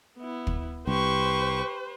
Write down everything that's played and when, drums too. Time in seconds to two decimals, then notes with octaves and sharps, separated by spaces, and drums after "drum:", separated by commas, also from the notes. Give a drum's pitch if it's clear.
0.18 B3 E4
0.47 drum: kick
0.87 C2 G4 B4 C5 C#6